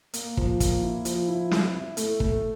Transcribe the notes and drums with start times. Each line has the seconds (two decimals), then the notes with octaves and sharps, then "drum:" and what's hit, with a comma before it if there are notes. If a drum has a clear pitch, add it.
0.13 A#3, drum: hi-hat
0.37 F3, drum: kick
0.60 A#3, drum: kick, hi-hat
0.83 E4
1.05 F3, drum: hi-hat
1.28 E4
1.51 E4, drum: snare
1.74 E4
1.97 A3, drum: hi-hat
2.20 A3, drum: kick